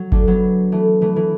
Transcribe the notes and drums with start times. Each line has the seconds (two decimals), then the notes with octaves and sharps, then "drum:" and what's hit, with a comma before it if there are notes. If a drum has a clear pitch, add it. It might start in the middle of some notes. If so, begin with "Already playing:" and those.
Already playing: F#3
0.12 A3 D4, drum: kick G1
0.27 F#3 B3
0.72 E3 A3
1.01 E3 A3
1.16 E3